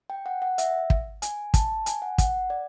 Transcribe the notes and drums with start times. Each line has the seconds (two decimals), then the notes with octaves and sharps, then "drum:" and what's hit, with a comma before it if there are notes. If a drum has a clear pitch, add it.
0.10 G5
0.26 F#5
0.42 F#5
0.58 E5, drum: hi-hat
0.90 drum: kick
1.22 G#5, drum: hi-hat
1.54 A5, drum: kick, hi-hat
1.86 G#5, drum: hi-hat
2.02 F#5
2.18 F#5, drum: kick, hi-hat
2.50 D5